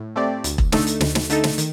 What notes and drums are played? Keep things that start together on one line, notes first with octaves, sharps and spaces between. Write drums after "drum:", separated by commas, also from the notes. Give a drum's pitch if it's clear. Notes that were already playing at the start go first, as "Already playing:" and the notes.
Already playing: A2
A3 C4 G4 D5
D2, drum: hi-hat
drum: kick E1
D3 A3 D#4 A4, drum: snare
drum: hi-hat
D2, drum: snare
drum: snare
D3 A3 D#4 A4, drum: hi-hat
drum: snare
D#3, drum: hi-hat